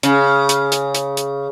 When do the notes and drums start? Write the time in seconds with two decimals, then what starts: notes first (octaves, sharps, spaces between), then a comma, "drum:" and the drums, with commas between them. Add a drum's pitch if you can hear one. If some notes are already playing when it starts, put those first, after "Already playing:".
0.03 C#3, drum: hi-hat
0.49 drum: hi-hat
0.72 drum: hi-hat
0.95 drum: hi-hat
1.17 drum: hi-hat